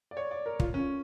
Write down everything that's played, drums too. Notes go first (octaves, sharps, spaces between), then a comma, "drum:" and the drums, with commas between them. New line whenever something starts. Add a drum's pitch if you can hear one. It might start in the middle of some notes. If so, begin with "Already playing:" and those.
D5
C#5
D5
A#4
F4, drum: kick
C#4